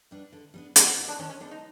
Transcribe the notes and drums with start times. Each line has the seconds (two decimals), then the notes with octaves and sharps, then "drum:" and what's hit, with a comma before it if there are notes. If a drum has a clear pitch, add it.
0.11 G3 B3 D4
0.32 D3
0.54 G3 B3 D4
0.76 D#3 C4, drum: hi-hat
0.98 G#3 B3 D#4
1.08 D4
1.19 D#3 C#4
1.30 C#4
1.40 G#3 B3 D4 D#4
1.51 D#4